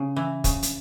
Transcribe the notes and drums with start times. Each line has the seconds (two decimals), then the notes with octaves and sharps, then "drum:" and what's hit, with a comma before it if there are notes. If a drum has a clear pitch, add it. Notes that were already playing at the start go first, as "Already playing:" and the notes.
Already playing: C#3
0.16 E3
0.44 C#3, drum: kick, hi-hat
0.63 drum: hi-hat